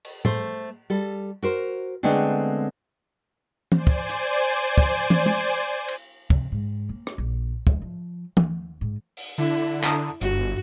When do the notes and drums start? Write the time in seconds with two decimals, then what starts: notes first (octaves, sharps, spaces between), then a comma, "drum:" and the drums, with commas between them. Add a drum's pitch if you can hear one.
0.05 drum: cymbal
0.25 A3 C5, drum: tom A2
0.90 G3 A4
1.42 F#4 A#4 C5
2.03 D3 G#3 A3 B3 C4 D4
3.72 C5 D5 G#5, drum: tom
3.87 drum: kick
4.09 drum: hi-hat
4.78 drum: kick
5.10 drum: tom
5.26 drum: tom
5.88 drum: cymbal
6.30 C3, drum: kick
6.52 G#2
6.89 A#3
7.07 drum: rim click
7.18 A#1
7.67 E1, drum: kick
7.82 F3
8.37 D#2, drum: tom
8.81 G#2
9.17 drum: open hi-hat
9.38 D3 E4
9.84 A5 A#5 D#6, drum: clap
10.21 G1 G2 F#4, drum: hi-hat